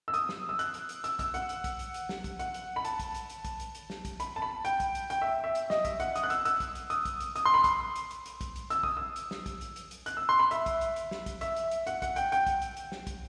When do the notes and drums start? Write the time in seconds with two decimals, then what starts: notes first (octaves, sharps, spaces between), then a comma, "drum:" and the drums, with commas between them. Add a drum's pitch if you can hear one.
0.08 E6
0.14 D#6, drum: hi-hat
0.29 drum: snare
0.49 E6
0.59 F#6, drum: hi-hat
0.74 drum: hi-hat
0.89 drum: hi-hat
1.04 E6, drum: hi-hat
1.19 E6, drum: kick, hi-hat
1.34 F#5, drum: hi-hat
1.49 drum: hi-hat
1.64 drum: kick, hi-hat
1.79 drum: hi-hat
1.94 drum: hi-hat
2.09 drum: snare
2.24 drum: kick, hi-hat
2.39 F#5, drum: hi-hat
2.54 drum: hi-hat
2.76 B5
2.85 A5, drum: hi-hat
2.99 drum: kick, hi-hat
3.15 drum: hi-hat
3.30 drum: hi-hat
3.45 drum: kick, hi-hat
3.60 drum: hi-hat
3.75 drum: hi-hat
3.90 drum: snare
4.05 drum: kick, hi-hat
4.20 B5, drum: hi-hat
4.36 A5
4.42 B5
4.65 G5, drum: hi-hat
4.80 drum: kick, hi-hat
4.95 drum: hi-hat
5.10 G5, drum: hi-hat
5.22 E5
5.44 E5
5.55 drum: hi-hat
5.70 D#5, drum: snare
5.85 E5, drum: kick, hi-hat
6.00 F#5, drum: hi-hat
6.16 D#6, drum: hi-hat
6.23 F#6
6.30 E6, drum: hi-hat
6.45 E6, drum: hi-hat
6.60 drum: kick, hi-hat
6.75 drum: hi-hat
6.90 D#6, drum: hi-hat
7.05 drum: kick, hi-hat
7.20 drum: hi-hat
7.36 D#6, drum: hi-hat
7.45 C6
7.54 B5
7.64 C6, drum: kick, hi-hat
7.96 drum: hi-hat
8.11 drum: hi-hat
8.26 drum: hi-hat
8.41 drum: kick, hi-hat
8.56 drum: hi-hat
8.70 E6, drum: hi-hat
8.83 D#6, drum: kick
8.97 E6
9.16 drum: hi-hat
9.31 drum: snare
9.46 drum: kick, hi-hat
9.61 drum: hi-hat
9.76 drum: hi-hat
9.91 drum: hi-hat
10.06 F#6, drum: hi-hat
10.17 E6
10.29 C6
10.39 B5
10.51 E5, drum: hi-hat
10.66 drum: kick, hi-hat
10.81 drum: hi-hat
10.96 drum: hi-hat
11.11 drum: snare
11.26 drum: kick, hi-hat
11.41 E5, drum: hi-hat
11.56 drum: hi-hat
11.71 drum: hi-hat
11.87 F#5, drum: hi-hat
12.02 F#5, drum: kick, hi-hat
12.16 G5, drum: hi-hat
12.32 G5, drum: hi-hat
12.47 drum: kick, hi-hat
12.62 drum: hi-hat
12.77 drum: hi-hat
12.92 drum: snare
13.07 drum: kick, hi-hat